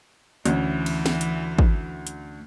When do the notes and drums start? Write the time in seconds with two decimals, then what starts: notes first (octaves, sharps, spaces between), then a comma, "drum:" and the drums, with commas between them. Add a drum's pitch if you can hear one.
0.46 D2 E3 C#4, drum: hi-hat
0.86 drum: cymbal
1.06 drum: snare
1.21 drum: hi-hat
1.59 drum: kick
2.07 drum: hi-hat